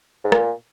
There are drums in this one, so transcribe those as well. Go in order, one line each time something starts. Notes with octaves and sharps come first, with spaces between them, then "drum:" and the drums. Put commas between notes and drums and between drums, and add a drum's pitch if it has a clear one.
G#2
A#2, drum: rim click